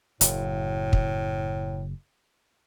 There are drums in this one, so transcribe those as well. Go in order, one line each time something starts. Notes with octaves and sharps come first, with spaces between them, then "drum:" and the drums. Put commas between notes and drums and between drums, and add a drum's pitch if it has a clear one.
F#1 A2, drum: hi-hat
drum: kick